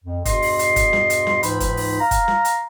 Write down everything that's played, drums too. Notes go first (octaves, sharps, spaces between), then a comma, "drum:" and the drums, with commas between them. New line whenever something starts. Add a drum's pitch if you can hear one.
F2
E2 G2 B2 D#5 C6, drum: kick F#1, hi-hat
drum: open hi-hat
drum: hi-hat
drum: kick F#1, hi-hat
drum: snare
drum: hi-hat
drum: snare
C#2 G#2 E3 D#4 C5 B5, drum: hi-hat
drum: kick F#1, hi-hat
drum: open hi-hat
F5 A#5
drum: kick F#1, hi-hat
drum: snare
drum: hi-hat